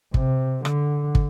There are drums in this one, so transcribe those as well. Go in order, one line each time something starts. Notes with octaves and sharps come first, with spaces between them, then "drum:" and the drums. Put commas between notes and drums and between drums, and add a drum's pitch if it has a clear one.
C3, drum: kick
D3, drum: rim click
drum: kick